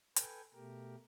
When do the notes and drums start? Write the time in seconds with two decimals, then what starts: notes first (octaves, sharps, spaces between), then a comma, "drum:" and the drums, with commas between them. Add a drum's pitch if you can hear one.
0.16 A4 B4 G5 G#5, drum: hi-hat
0.54 B2 A3 G4 A#4